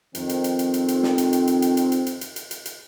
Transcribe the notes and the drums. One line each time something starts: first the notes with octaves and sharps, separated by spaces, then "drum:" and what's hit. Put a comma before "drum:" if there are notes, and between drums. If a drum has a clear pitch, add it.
F2 D#3 C4, drum: hi-hat
drum: hi-hat
drum: hi-hat
drum: hi-hat
drum: hi-hat
drum: hi-hat
drum: snare
drum: hi-hat
drum: hi-hat
drum: hi-hat
drum: hi-hat
drum: hi-hat
drum: hi-hat
drum: hi-hat
drum: hi-hat
drum: hi-hat
drum: hi-hat
drum: hi-hat